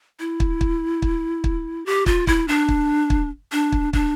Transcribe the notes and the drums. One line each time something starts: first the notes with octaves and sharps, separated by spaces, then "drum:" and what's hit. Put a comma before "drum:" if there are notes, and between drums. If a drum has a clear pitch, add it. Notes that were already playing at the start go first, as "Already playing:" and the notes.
E4
drum: kick
drum: kick
drum: kick
drum: kick
G4
F4, drum: kick
E4, drum: kick
D4
drum: kick
drum: kick
D4
drum: kick
D4, drum: kick